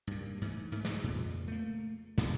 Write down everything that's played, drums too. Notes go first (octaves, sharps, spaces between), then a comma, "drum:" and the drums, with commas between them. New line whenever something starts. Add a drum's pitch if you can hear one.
G2 A#2
G#2 E3 A3
G#2 A3
drum: snare
F2 A#2 C#3 G#3
A3 A#3
G#2 C#3 E3 F3, drum: snare